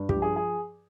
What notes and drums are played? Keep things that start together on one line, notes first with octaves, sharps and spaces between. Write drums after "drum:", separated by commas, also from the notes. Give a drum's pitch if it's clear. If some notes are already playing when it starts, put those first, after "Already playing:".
Already playing: G2
G4, drum: kick
F3
G#4
G#4